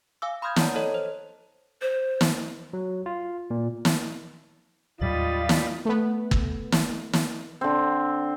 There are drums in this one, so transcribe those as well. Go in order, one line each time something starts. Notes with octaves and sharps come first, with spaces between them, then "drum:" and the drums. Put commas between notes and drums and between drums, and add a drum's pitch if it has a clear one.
F5 G#5 D6 E6
B5 C6 D#6 F6 G6 G#6
C#5 D5 F#5 A5 A#5, drum: snare
A4 C#5 D#5
A4 C5
C5
drum: snare
F#3
F4
A#2
drum: snare
D#2 A2 F#3 G3 F4 D#5 B5 A6
drum: snare
A3 B3
drum: kick G1
drum: snare
drum: snare
D3 C4